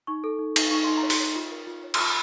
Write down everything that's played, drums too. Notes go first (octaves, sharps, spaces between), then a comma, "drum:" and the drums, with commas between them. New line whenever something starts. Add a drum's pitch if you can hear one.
D#4 C#6
A4
D#4
D#4, drum: cymbal
D#4 C#6
D#4 C6
A#5
C#5
C6, drum: open hi-hat
C#5
F4
A#4
F4
C#5
C6, drum: cymbal
F4 C#6